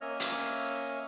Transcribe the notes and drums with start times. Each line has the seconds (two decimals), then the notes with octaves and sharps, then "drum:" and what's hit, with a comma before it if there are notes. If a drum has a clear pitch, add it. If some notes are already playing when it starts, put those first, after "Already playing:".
0.01 A#3 C#4 C#5 D#5 E5 F6
0.20 drum: hi-hat